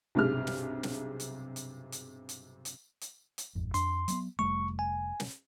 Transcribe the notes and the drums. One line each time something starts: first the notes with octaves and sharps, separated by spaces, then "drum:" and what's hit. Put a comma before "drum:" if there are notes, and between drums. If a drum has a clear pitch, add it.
B1 G2 C3 G#4 F6
drum: snare
drum: snare
drum: hi-hat
drum: hi-hat
drum: hi-hat
drum: hi-hat
drum: hi-hat
drum: hi-hat
drum: hi-hat
D#1 G#1 F2
F2 D4 C6, drum: hi-hat
F#3 A#3 B3, drum: hi-hat
F1 G3 A3 C#6
G#5
drum: snare